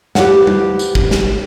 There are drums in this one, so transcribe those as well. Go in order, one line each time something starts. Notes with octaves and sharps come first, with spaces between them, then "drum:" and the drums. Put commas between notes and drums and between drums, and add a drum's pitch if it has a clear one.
G4 B4 C5 F5 F#5, drum: snare
drum: tom G3
drum: tambourine
drum: kick
drum: snare